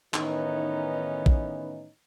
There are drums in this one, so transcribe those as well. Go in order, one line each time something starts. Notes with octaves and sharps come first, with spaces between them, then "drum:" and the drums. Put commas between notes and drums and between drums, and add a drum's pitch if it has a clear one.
A2 D#3 E3 B3 C#4 D#4, drum: clap
drum: kick